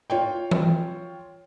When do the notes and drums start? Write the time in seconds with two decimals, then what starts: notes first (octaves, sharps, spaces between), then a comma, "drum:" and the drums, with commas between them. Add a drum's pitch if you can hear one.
0.10 F4 C#5 G5
0.51 drum: tom E3